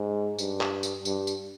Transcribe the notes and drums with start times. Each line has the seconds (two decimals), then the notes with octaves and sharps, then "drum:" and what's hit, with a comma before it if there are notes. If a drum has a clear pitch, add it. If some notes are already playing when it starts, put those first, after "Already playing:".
Already playing: G#2
0.39 G2, drum: tambourine
0.61 drum: clap
0.83 drum: tambourine
1.05 G2, drum: tambourine
1.27 drum: tambourine